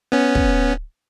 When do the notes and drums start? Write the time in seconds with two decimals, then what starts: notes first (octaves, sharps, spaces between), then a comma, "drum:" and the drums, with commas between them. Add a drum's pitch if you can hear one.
0.12 B3 C#4
0.35 drum: kick